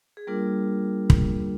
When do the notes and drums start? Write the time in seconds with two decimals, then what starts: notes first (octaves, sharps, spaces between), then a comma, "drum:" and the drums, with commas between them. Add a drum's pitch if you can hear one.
0.17 G#4
0.27 G3 A#3 D4 F4 A#4
1.10 drum: kick